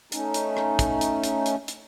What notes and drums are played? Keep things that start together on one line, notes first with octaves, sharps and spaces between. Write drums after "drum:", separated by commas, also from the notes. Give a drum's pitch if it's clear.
A3 C#4 D#4, drum: hi-hat
drum: hi-hat
drum: rim click
drum: kick, hi-hat
drum: hi-hat
drum: hi-hat
drum: hi-hat
drum: hi-hat